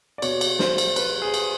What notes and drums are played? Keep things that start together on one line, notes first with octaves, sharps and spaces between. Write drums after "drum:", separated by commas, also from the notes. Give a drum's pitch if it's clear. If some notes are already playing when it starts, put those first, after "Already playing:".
D5
B2 C#5, drum: cymbal
drum: cymbal
C5, drum: snare
drum: cymbal
B4, drum: cymbal
G#4
drum: cymbal